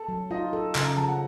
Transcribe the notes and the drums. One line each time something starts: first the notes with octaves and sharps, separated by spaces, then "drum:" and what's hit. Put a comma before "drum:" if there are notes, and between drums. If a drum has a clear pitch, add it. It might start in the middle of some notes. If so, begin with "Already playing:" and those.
Already playing: A4 A5
F#3
D#4 F4 D#5
A4
C#3, drum: clap
A#5
F3 A5
F#5